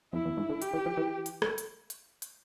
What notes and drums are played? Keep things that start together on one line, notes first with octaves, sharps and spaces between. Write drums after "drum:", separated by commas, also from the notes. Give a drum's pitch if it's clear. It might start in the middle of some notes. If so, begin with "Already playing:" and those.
F2 E4
E2
G#2
D3
G4, drum: hi-hat
E3
F3
E3
drum: hi-hat
drum: rim click
drum: hi-hat
drum: hi-hat
drum: hi-hat